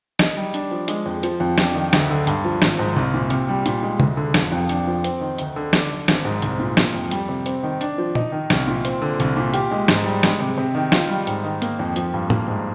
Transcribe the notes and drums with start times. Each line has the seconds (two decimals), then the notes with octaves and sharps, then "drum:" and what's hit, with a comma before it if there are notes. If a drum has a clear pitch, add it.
0.19 D#4, drum: snare
0.37 G3
0.54 D4, drum: hi-hat
0.71 F3
0.88 G#3, drum: hi-hat
1.06 F2
1.23 F3, drum: hi-hat
1.40 F2
1.58 D4, drum: snare
1.75 D#3
1.93 D2, drum: snare
2.10 D3
2.27 G2, drum: hi-hat
2.45 F3
2.62 G#1, drum: snare
2.79 G#2
2.96 C2
3.14 A#2
3.30 C3, drum: hi-hat
3.49 G3
3.66 A#2, drum: hi-hat
3.83 G#3
4.00 D2, drum: tom C3
4.17 D3
4.34 F1, drum: snare
4.52 F2
4.69 D4, drum: hi-hat
4.87 F3
5.04 C4, drum: hi-hat
5.21 D#3
5.38 D2, drum: hi-hat
5.56 D3
5.73 D4, drum: snare
5.90 D3
6.08 G#1, drum: snare
6.25 G#2
6.42 C2, drum: hi-hat
6.59 A#2
6.77 A#3, drum: snare
6.94 F2
7.11 G3, drum: hi-hat
7.29 C3
7.46 C4, drum: hi-hat
7.63 D#3
7.81 D4, drum: hi-hat
7.98 F3
8.15 D#4, drum: tom
8.32 D#3
8.50 C2, drum: snare
8.67 A#2
8.85 C4, drum: hi-hat
9.02 D3
9.20 C2, drum: hi-hat
9.36 A#2
9.54 G4, drum: hi-hat
9.71 G#3
9.88 G#2, drum: snare
10.06 G3
10.23 G#3, drum: snare
10.40 C3
10.58 C3
10.75 D#3
10.92 F4, drum: snare
11.10 G3
11.27 G#2, drum: hi-hat
11.44 D#3
11.62 A#3, drum: hi-hat
11.79 F2
11.96 F3, drum: hi-hat
12.14 G2
12.30 A#3, drum: tom A2
12.48 G#2